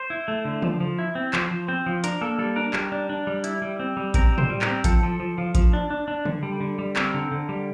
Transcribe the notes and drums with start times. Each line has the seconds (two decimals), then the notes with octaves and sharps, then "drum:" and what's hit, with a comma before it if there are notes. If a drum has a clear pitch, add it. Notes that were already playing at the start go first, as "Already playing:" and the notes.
Already playing: C5
0.10 E4
0.28 A3
0.45 D3
0.62 F3, drum: tom
0.80 F3
0.99 E4
1.15 C4
1.33 F3 C5, drum: clap
1.51 F3
1.68 C4 C5
1.86 F3
2.04 D4 A#4, drum: hi-hat
2.21 A#3 A4
2.39 G3 A4
2.56 D4 A#4
2.73 G3, drum: clap
2.92 D4
3.09 D4
3.27 G3
3.44 E4, drum: hi-hat
3.62 G3
3.79 C4
3.97 G3
4.14 C4 A#4, drum: kick A1, hi-hat
4.32 G3
4.38 C5, drum: tom
4.50 G3
4.61 A#4, drum: clap
4.67 C4
4.84 F3 A4, drum: kick A1, hi-hat
5.03 F3
5.20 F3
5.38 F3
5.55 F3, drum: kick A1, hi-hat
5.73 D4
5.90 D4
6.08 D4
6.25 D3, drum: tom
6.43 G3
6.60 D3
6.79 G3
6.96 C4 A#4, drum: clap
7.14 D3
7.32 D3
7.49 G3